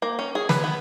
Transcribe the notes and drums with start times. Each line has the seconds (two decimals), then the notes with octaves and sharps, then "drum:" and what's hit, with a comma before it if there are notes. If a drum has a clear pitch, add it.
0.02 A#3
0.19 C#4
0.35 G#4
0.49 B4, drum: snare
0.64 B3